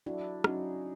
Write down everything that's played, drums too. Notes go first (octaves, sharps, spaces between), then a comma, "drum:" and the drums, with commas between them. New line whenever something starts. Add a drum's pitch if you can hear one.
F#3 D4 E4
F#3 C#4 D#4, drum: rim click